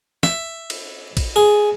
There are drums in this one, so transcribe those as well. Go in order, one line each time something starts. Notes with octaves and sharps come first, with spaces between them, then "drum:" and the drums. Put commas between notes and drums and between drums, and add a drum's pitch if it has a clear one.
E5, drum: snare
drum: cymbal
drum: kick, cymbal
G#4